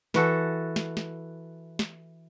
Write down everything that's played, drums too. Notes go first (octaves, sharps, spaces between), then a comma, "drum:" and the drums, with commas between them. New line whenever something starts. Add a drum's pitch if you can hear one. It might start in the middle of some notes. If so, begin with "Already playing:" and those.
E3 F#4 A4, drum: snare
drum: snare
drum: snare
drum: snare